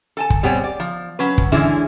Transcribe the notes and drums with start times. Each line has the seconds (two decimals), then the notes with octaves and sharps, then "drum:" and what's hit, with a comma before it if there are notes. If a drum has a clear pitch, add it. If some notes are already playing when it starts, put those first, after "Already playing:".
0.17 A4 G#5 A5
0.30 drum: kick
0.43 G3 B3 C4 G#4 C#5 G5
0.64 D5
0.80 F3
1.19 F#3 C#4 B4
1.38 drum: kick
1.52 D3 E3 G#3 C#4 E4 G#4